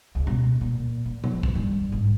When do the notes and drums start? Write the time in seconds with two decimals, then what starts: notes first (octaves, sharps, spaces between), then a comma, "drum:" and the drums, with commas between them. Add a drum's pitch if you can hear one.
0.15 C#2
0.27 B2, drum: tom A2
0.61 A#2
1.06 A#2
1.24 drum: tom A#2
1.33 F3
1.43 drum: kick
1.55 G2
1.92 G#1